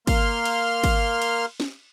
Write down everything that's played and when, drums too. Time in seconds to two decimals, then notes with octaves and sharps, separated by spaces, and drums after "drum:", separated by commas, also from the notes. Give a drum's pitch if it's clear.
0.07 A#3 C6 F6, drum: kick, cymbal
0.45 drum: cymbal
0.84 drum: kick, cymbal
1.22 drum: cymbal
1.60 drum: snare